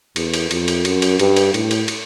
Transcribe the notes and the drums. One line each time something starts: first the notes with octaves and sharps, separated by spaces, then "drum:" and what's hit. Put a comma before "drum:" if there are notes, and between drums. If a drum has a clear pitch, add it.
E2, drum: cymbal
drum: cymbal
F2, drum: cymbal
drum: cymbal
F#2, drum: cymbal
drum: cymbal
G2, drum: cymbal
drum: cymbal
A2, drum: cymbal
drum: cymbal
drum: cymbal